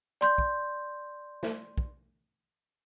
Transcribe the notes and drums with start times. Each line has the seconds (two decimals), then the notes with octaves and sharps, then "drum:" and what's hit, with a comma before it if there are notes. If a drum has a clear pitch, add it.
0.21 D5 C6 G6
0.38 drum: kick
1.43 drum: snare
1.78 drum: kick